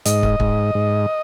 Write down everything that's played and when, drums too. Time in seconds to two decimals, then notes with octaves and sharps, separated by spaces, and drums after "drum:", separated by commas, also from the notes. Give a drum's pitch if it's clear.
0.05 G#2 D#5, drum: hi-hat
0.23 drum: kick
0.40 G#2, drum: kick
0.75 G#2